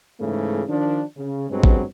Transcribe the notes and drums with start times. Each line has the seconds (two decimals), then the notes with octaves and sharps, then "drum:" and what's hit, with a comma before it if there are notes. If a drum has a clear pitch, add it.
0.20 G#2 C#3 E3 A3
0.69 D#3 F3 D4
1.17 C#3
1.50 G2 B2 F#3 G#3 C4
1.63 drum: kick A1